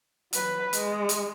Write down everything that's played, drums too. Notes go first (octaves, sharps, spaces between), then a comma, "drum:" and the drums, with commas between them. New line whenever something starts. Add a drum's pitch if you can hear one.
F#3 B4, drum: hi-hat
G#3, drum: hi-hat
drum: hi-hat